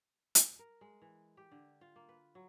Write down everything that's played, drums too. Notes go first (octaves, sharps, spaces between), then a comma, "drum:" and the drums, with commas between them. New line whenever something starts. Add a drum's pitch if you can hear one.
drum: hi-hat
A#4
G#3
E3
G4
D3
F4
A#3
B4
F#3